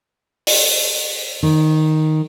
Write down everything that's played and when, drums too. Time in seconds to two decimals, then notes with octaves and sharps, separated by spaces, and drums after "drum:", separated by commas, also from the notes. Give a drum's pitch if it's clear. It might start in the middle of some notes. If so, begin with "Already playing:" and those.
0.47 drum: open hi-hat
1.43 D#3